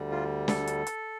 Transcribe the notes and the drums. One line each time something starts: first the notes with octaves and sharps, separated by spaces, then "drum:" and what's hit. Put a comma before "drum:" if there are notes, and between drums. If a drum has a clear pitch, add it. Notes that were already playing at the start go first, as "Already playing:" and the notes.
Already playing: D2 D3 G3
F4
A4, drum: snare
drum: hi-hat
drum: hi-hat